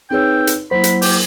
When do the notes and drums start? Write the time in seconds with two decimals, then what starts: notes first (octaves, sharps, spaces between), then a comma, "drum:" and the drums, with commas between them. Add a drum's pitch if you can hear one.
0.10 C4 D#4 G#4 B4 C#5 G5 E6
0.47 drum: hi-hat
0.71 F#3 A#3 E4 C5 B5
0.84 drum: hi-hat
1.02 G4, drum: open hi-hat